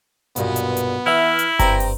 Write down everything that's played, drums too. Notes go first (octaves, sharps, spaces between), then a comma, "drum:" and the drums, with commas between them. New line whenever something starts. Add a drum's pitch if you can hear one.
B1 G2 A#2 B3, drum: hi-hat
drum: hi-hat
drum: hi-hat
E3 E4 E5 F6
drum: hi-hat
G2 C4 G5 A#5 D6, drum: kick F#1, hi-hat
drum: open hi-hat